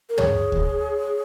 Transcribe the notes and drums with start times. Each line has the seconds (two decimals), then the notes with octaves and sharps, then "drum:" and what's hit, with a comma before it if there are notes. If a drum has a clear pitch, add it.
0.09 A#4
0.18 G#4 C#5, drum: tom
0.52 drum: kick